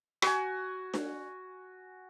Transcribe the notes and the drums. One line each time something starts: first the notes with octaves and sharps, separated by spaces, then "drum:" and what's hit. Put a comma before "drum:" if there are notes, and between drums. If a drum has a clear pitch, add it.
F#4 G#5, drum: rim click
drum: snare D4